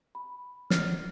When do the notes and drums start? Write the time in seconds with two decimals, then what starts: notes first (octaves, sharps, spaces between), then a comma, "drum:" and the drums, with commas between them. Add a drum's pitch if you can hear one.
0.15 B5
0.70 F6, drum: snare